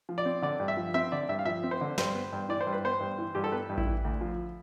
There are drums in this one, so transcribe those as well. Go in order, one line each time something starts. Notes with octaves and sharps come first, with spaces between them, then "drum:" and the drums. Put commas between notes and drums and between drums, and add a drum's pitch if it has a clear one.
F3
D5
C4
D3 D5
G2
E5
F3
C4 E5
D3 D5
G2 E5
F5
F3 E5
C4
C5
D3
G2 C5, drum: snare
B3
G2
E3 D5
C5
G2
B4
B3 C5
G2
E3
G2 G4
A4
B3 B4
G2
E4, drum: kick A1
E3
D2
F3